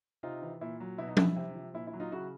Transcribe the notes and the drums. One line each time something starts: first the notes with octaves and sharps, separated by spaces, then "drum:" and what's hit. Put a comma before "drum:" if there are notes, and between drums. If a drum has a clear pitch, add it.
C3 D#4 F4
E3
A#2 E4
F#3
B2 E4
D#4
G3 E4, drum: tom F3
C3
F3
A#2 E4
E4
F#3
D#4 F4
C#3 E4 F#4